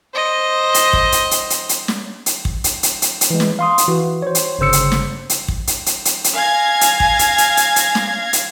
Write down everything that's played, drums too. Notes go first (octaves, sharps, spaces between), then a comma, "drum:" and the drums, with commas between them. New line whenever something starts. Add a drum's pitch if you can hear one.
C5 D#5
drum: hi-hat
drum: kick
drum: hi-hat
drum: hi-hat
drum: hi-hat
drum: hi-hat
drum: snare
drum: hi-hat
drum: kick
drum: hi-hat
drum: hi-hat
drum: hi-hat
drum: hi-hat
E3 G#3
drum: snare
F5 C6 D#6
drum: hi-hat
E3 F#4
C5 C#5
drum: hi-hat
G1 C#3 C5 E6 C#7
drum: hi-hat
drum: snare
drum: hi-hat
drum: kick
drum: hi-hat
drum: hi-hat
drum: hi-hat
drum: hi-hat
F5 G#5 G#6 A#6
drum: hi-hat
drum: kick
drum: hi-hat
drum: hi-hat
drum: hi-hat
drum: hi-hat
drum: snare
drum: hi-hat